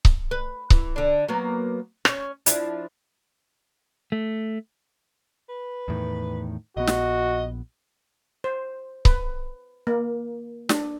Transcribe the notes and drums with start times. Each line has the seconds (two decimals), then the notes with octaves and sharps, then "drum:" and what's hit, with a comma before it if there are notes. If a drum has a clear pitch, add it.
0.05 drum: kick C#1
0.31 B4
0.70 E3, drum: kick C#1
0.96 D3 D4
1.29 F#3 A#3 B3
2.05 C#4 C#5, drum: rim click
2.46 F3 D4 E4, drum: hi-hat
4.12 A3
5.49 B4
5.88 E2 A2 D#3
6.77 A#1 B3 F#4 D#5
6.87 drum: snare
8.44 C5
9.05 B4, drum: kick C#1
9.87 A#3
10.69 D4, drum: snare